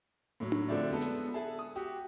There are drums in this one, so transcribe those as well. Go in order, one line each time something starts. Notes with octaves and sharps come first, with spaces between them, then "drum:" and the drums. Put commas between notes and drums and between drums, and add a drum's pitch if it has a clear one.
A2 F#3
drum: tom D4
D3 F3 C4 E4 D5
G#3 B3 A4
drum: hi-hat
G#4 A4 E5 A5
D#6
F#4 G4